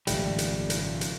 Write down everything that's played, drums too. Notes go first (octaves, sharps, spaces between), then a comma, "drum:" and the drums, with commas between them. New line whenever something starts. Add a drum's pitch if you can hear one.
G#1 A#2 C#3 F3 G3 A3, drum: hi-hat
drum: hi-hat
drum: hi-hat
drum: hi-hat